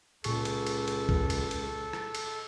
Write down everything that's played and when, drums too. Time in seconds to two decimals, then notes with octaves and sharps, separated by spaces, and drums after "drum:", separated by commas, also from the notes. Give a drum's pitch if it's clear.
0.24 C#2 A#2 G#4 A4 C#6, drum: cymbal
0.45 drum: cymbal
0.67 drum: cymbal
0.88 drum: cymbal
1.09 drum: kick
1.30 drum: cymbal
1.51 drum: cymbal
1.93 drum: rim click
2.15 drum: cymbal